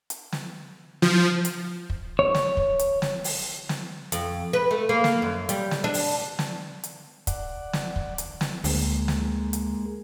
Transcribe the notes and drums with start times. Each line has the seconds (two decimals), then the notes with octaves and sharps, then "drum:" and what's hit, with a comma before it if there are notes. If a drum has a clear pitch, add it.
0.10 drum: hi-hat
0.32 drum: snare
1.02 F3, drum: snare
1.45 drum: hi-hat
1.90 drum: kick
2.19 C#5
2.35 drum: snare
2.57 drum: kick
2.79 drum: hi-hat
3.02 drum: snare
3.24 drum: open hi-hat
3.69 drum: snare
4.12 F2, drum: hi-hat
4.53 B4
4.71 A3
4.89 A#3
5.04 drum: snare
5.22 F#2
5.49 G3, drum: hi-hat
5.71 drum: snare
5.84 D4
5.94 drum: open hi-hat
6.39 drum: snare
6.84 drum: hi-hat
7.27 D5 F#5, drum: kick, hi-hat
7.73 drum: snare
7.96 drum: kick
8.18 drum: hi-hat
8.41 drum: snare
8.64 D2 G#3 A#3, drum: open hi-hat
9.08 drum: snare
9.53 drum: hi-hat